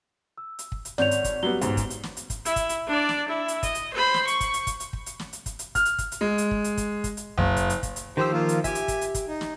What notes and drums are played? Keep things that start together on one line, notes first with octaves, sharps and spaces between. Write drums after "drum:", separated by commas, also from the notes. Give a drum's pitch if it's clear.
E6
drum: hi-hat
drum: kick
drum: hi-hat
G#1 C#5 D5 G6 F7, drum: snare
drum: hi-hat
drum: kick, hi-hat
F#3 G3 B3 G7
B1 G#2, drum: hi-hat
drum: kick, hi-hat
drum: hi-hat
drum: snare
drum: hi-hat
drum: kick, hi-hat
E4, drum: hi-hat
drum: kick, hi-hat
drum: hi-hat
D4 D5
drum: snare
E4
drum: hi-hat
D#5, drum: kick, hi-hat
drum: hi-hat
C5 B5
drum: snare
C#6, drum: hi-hat
drum: kick, hi-hat
drum: hi-hat
drum: kick, hi-hat
drum: hi-hat
drum: kick
drum: hi-hat
drum: snare
drum: hi-hat
drum: kick, hi-hat
drum: hi-hat
F6, drum: kick, hi-hat
drum: hi-hat
drum: kick, hi-hat
drum: hi-hat
G#3
drum: hi-hat
drum: kick
drum: hi-hat
drum: kick, hi-hat
drum: kick, hi-hat
drum: hi-hat
F#1
drum: kick, hi-hat
drum: hi-hat
drum: kick, hi-hat
drum: hi-hat
D#3 F3 G4 C5 E6
A#3 F4
drum: hi-hat
G4 E5 G#5, drum: kick, hi-hat
drum: hi-hat
drum: kick, hi-hat
drum: hi-hat
drum: kick, hi-hat
D#4
drum: snare